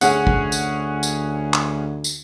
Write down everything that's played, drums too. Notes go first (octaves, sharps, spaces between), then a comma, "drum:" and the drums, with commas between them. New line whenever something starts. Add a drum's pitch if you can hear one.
D2 C#4 G#4 F#5, drum: tambourine
drum: kick
drum: tambourine
drum: tambourine
drum: clap
drum: tambourine